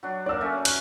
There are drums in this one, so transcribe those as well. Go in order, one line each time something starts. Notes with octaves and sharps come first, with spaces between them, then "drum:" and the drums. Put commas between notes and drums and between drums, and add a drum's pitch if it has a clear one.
F#3 D4
A#3 D4 D5 E6
A3 C#4
F#6, drum: cymbal